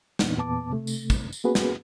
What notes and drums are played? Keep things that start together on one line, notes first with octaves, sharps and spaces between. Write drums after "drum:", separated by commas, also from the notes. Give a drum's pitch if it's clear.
E2 A#2 E3 B3 D4 D#4, drum: snare
E2 A#2 B3 A5 D6
C3 A3
drum: tambourine
drum: kick, tambourine
drum: tambourine
A#3 B3 C#4 F#4 G#4 B4
drum: snare